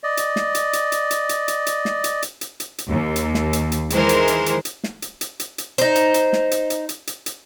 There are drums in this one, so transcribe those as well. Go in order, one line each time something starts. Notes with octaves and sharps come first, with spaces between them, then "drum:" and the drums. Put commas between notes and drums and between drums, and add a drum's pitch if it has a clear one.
D5 D#5
drum: hi-hat
drum: snare
drum: hi-hat
drum: hi-hat
drum: hi-hat
drum: hi-hat
drum: hi-hat
drum: hi-hat
drum: hi-hat
drum: snare
drum: hi-hat
drum: hi-hat
drum: hi-hat
drum: hi-hat
drum: hi-hat
D#2
drum: hi-hat
drum: snare
drum: hi-hat
drum: hi-hat
D#3 E3 G#3 A#4 C5, drum: hi-hat
drum: hi-hat
drum: hi-hat
drum: hi-hat
drum: hi-hat
drum: snare
drum: hi-hat
drum: hi-hat
drum: hi-hat
drum: hi-hat
D#4 C5, drum: hi-hat
drum: hi-hat
drum: hi-hat
drum: snare
drum: hi-hat
drum: hi-hat
drum: hi-hat
drum: hi-hat
drum: hi-hat